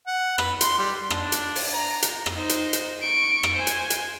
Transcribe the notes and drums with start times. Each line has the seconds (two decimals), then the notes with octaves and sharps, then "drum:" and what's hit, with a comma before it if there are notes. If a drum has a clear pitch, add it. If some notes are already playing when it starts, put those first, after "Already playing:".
0.07 F#5
0.38 B4, drum: rim click
0.61 C6, drum: hi-hat
0.78 G3
1.10 D4, drum: rim click
1.32 drum: hi-hat
1.56 drum: open hi-hat
1.73 A#5
2.02 drum: hi-hat
2.26 drum: rim click
2.35 D#4 C5
2.49 drum: hi-hat
2.73 drum: hi-hat
3.01 C#6 D7
3.43 drum: rim click
3.55 C5 G#5
3.67 drum: hi-hat
3.90 drum: hi-hat